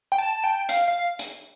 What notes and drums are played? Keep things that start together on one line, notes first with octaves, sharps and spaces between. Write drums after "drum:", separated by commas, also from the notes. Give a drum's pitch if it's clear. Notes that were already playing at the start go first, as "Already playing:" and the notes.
G5
A5
G5
F5, drum: hi-hat
F5
drum: hi-hat